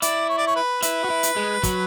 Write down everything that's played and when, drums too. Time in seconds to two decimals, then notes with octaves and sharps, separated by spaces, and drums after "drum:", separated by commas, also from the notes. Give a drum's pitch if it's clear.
0.02 E4 D5, drum: hi-hat
0.29 C#5
0.38 D5
0.47 C#5
0.56 B4
0.82 E4 B4, drum: hi-hat
1.04 F#4
1.10 E4
1.23 drum: hi-hat
1.36 G#3
1.63 F#3, drum: kick, hi-hat